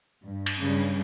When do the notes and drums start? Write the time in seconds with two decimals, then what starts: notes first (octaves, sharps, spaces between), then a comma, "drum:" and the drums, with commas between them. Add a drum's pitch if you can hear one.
0.23 G2
0.46 drum: cymbal
0.60 G2 C#3 G3